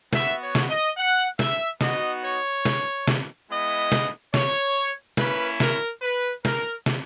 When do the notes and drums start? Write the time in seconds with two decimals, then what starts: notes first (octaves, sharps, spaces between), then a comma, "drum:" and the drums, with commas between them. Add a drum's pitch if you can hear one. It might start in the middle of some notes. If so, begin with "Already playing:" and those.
0.13 B3 F#4 E5, drum: snare
0.41 C#5
0.55 drum: snare
0.69 D#5
0.97 F#5
1.39 E5, drum: snare
1.81 B3 D#4 F#4 D#5, drum: snare
2.23 C#5
2.65 drum: snare
3.08 drum: snare
3.49 G#3 B3 E4 D#5
3.92 drum: snare
4.34 C#5, drum: snare
5.17 A#3 C#4 E4 B4, drum: snare
5.60 A#4, drum: snare
6.02 B4
6.45 A#4, drum: snare
6.86 drum: snare